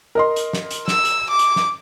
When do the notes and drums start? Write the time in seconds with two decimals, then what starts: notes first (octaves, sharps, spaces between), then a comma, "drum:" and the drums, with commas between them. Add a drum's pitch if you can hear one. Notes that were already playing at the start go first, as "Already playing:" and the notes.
0.15 A#4 D#5 C6
0.36 drum: hi-hat
0.53 drum: snare
0.71 drum: hi-hat
0.88 E6, drum: snare
1.05 drum: hi-hat
1.30 D6
1.39 drum: hi-hat
1.56 drum: snare